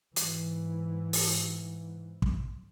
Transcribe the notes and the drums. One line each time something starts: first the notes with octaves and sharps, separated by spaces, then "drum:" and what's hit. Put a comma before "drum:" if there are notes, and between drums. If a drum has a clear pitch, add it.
G#2 E3, drum: hi-hat
drum: open hi-hat
drum: kick